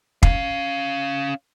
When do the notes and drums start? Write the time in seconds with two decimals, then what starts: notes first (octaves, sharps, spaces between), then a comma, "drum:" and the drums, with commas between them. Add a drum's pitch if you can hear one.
0.23 C#4 F5, drum: kick